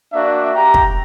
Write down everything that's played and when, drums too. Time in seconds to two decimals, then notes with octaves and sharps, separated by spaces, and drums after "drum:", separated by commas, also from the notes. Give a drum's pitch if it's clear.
0.13 A#3 D4 F#4 D5 E5
0.55 G4 G5 A#5
0.74 drum: kick